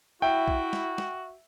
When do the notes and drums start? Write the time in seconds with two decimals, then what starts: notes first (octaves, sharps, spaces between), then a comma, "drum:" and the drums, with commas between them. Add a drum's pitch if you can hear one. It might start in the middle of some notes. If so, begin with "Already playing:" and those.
0.22 E4 F#4 E5 G5
0.48 drum: kick A#1
0.73 drum: snare
0.98 drum: snare